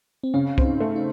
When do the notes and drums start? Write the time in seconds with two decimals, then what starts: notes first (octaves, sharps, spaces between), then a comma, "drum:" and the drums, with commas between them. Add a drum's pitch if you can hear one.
0.24 C4
0.34 C#3 C#4
0.58 C4, drum: kick C2
0.65 D#4
0.80 A3
0.96 D#4